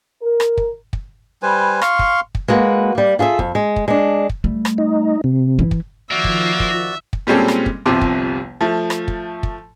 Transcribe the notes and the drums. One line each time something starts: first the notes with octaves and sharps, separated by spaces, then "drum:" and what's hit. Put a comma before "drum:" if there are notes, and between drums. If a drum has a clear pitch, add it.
A#4
drum: rim click
drum: kick
drum: kick
G3 B4 C5 G#5
F5 C6 C#6, drum: rim click
drum: kick
drum: kick
G#3 A#3 F#4 B4
G3 A#3
F4 G#4 A4 E5
F2, drum: kick
G#3
drum: kick
G#3 D4
drum: kick
G3 A3
drum: rim click
D#4
C3
E3 E4
drum: kick
D#3 F3 A#3 F4 F#4 D5 E5
drum: kick
drum: kick
drum: kick
A#2 G3 G#3 C4 C#4 A4
drum: rim click
drum: kick
G1 C2 C3 F3 C6 D6
drum: kick
F3 A3
drum: rim click
drum: kick
drum: kick